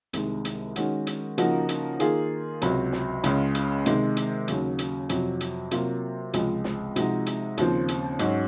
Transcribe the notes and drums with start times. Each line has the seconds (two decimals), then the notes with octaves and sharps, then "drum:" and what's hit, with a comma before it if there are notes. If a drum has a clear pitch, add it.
0.13 C2 C3 D#3 G#3, drum: hi-hat
0.45 drum: hi-hat
0.76 D#3 G#3 C#4 F#4, drum: hi-hat
1.07 drum: hi-hat
1.38 C#3 F3 A#3 D#4 F#4, drum: hi-hat
1.69 drum: hi-hat
2.00 D#3 A#3 F4 G#4, drum: hi-hat
2.61 C#2 C3 F#3, drum: hi-hat
2.93 drum: snare
3.24 C#2 C#3 G#3, drum: hi-hat
3.55 drum: hi-hat
3.86 C3 D#3 G#3, drum: hi-hat
4.17 drum: hi-hat
4.48 D#2 C#3 F#3, drum: hi-hat
4.78 drum: hi-hat
5.09 F2 C3 F#3, drum: hi-hat
5.40 drum: hi-hat
5.71 C3 F#3 A#3 F4, drum: hi-hat
6.33 C#2 C3 F3 G#3, drum: hi-hat
6.64 drum: snare
6.96 C3 F3 G#3 D#4 F#4, drum: hi-hat
7.26 drum: hi-hat
7.57 D#2 C#3 F3 C4, drum: hi-hat
7.88 drum: hi-hat
8.19 G#2 F#3 C#4 F#4, drum: hi-hat